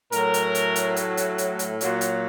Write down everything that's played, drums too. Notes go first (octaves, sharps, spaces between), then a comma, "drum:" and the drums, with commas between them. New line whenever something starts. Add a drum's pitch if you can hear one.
A2 F#3 A#4, drum: hi-hat
drum: hi-hat
drum: hi-hat
drum: hi-hat
drum: hi-hat
drum: hi-hat
drum: hi-hat
drum: hi-hat
A#2 F#3, drum: hi-hat
drum: hi-hat